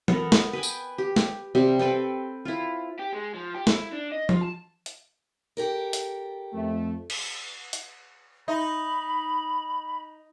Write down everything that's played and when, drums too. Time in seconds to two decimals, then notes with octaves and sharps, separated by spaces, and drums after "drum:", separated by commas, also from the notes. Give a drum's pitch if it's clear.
0.08 B3 A4 A#4, drum: tom E3
0.32 drum: snare
0.53 B4 G5 G#5
0.63 drum: tambourine
0.98 G4
1.16 drum: snare
1.55 C3 G3 C4
1.79 C4 A4 B4 G5
2.45 E4 F4
3.00 G4
3.13 G#3
3.34 F3
3.55 G4
3.67 E4, drum: snare
3.93 D4
4.12 D#5
4.29 F4, drum: tom F3
4.42 A5
4.86 drum: hi-hat
5.57 G4 A4 A#4
5.93 drum: hi-hat
6.52 F2 A3
7.10 drum: cymbal
7.73 drum: hi-hat
8.48 D#4 E5 B5 C6